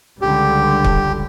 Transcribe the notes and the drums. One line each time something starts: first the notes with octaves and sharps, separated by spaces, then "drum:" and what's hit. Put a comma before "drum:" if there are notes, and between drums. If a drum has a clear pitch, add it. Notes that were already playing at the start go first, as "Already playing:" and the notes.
C#2 D3 G3 G4
drum: kick C#1